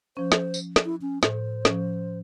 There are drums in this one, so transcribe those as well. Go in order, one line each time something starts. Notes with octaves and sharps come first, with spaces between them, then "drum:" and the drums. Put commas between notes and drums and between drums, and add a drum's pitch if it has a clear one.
F3 C#4 C5
drum: snare
drum: tambourine
drum: snare
E4
C#4
A2 C5, drum: snare
F3 C#4, drum: snare